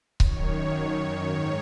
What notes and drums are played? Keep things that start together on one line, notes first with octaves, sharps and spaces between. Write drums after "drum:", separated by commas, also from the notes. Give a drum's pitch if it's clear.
F#2 D#3 C#5, drum: kick C#1
G#2 D#3 C#5